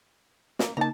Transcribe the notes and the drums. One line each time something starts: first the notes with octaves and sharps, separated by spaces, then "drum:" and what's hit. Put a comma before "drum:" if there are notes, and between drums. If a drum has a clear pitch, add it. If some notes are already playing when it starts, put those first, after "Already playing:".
A#3, drum: snare
C#3 A#3 D#4 A5 A#5